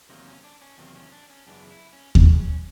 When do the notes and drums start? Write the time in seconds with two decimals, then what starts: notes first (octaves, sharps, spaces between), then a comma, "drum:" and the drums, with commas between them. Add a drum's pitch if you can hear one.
0.09 E2 C3 D#3 F#3 A#3 D#4
0.27 C#4
0.44 D4
0.62 C#4
0.78 E2 C3 D#3 F#3 A#3 C4
0.96 C#4
1.12 D4
1.30 C#4
1.47 F#2 C#3 E3 G#3 B3 D4
1.70 E4
1.93 C#4
2.15 F#2 C#3 E3 G#3 B3 C#4, drum: kick D#2
2.39 C#4